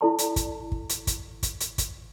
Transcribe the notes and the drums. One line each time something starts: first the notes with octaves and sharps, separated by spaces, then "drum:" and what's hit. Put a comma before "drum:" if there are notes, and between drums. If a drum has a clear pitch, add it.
E4 A4 D5 A5 C6
drum: hi-hat
drum: kick, hi-hat
drum: kick
drum: hi-hat
drum: kick, hi-hat
drum: kick, hi-hat
drum: hi-hat
drum: kick, hi-hat